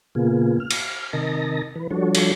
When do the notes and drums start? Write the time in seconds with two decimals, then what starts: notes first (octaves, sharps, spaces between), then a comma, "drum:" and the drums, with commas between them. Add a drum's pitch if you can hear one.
0.15 A#2 C#3 A#3 B3 F4 G#4
0.60 F6
0.71 drum: cymbal
1.13 C3 D#3 A#4 D#5 A5 A#6
1.76 E3 B4
1.91 F3 G3 D4 F#4 A4 C#5
2.15 drum: cymbal